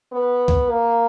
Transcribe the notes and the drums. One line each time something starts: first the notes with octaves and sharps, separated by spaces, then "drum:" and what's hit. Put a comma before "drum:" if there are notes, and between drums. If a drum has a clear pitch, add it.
B3
drum: kick B1
A#3